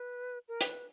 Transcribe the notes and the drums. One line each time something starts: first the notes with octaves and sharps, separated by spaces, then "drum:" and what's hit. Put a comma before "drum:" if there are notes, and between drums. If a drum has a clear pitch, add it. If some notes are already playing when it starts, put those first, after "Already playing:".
Already playing: B4
A#4
B4, drum: hi-hat